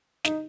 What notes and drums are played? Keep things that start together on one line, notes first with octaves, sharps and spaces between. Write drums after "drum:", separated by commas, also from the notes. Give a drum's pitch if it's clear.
D#4, drum: snare